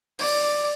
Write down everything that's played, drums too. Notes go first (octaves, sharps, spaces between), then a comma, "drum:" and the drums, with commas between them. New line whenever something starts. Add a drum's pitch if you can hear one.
D5, drum: open hi-hat